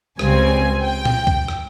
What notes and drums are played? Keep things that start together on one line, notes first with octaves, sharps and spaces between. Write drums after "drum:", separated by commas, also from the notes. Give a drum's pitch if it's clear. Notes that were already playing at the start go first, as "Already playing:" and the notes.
C#2 C#3 G3 C4 G#5, drum: rim click
G5
drum: tom A#2
drum: kick C#2
drum: rim click